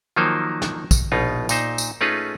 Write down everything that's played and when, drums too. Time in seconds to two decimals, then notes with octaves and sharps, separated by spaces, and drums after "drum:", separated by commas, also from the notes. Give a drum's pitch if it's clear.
0.16 D#3 F3 F#3 A#3 D#4 C5
0.62 drum: snare
0.91 drum: kick, tambourine
1.12 A#1 B2 D#4 F4
1.49 A#2 D#4 C5, drum: tambourine
1.78 drum: tambourine
2.01 A3 C#4 D#4 F4 G#4 B4